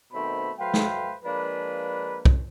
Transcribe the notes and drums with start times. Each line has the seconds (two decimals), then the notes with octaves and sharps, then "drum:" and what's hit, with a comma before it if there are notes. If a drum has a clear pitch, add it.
0.13 B2 D#3 A3 C4 C5 B5
0.59 F#3 A3 B4 C5 F5 G5
0.74 drum: snare
1.24 F3 G#3 A#3 D4 B4
2.25 drum: kick